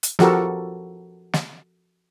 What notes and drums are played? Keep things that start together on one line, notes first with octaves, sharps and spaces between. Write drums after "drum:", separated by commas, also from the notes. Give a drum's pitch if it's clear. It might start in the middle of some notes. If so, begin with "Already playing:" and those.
drum: hi-hat
F3 F#4 G4 A4 A#4, drum: snare
drum: snare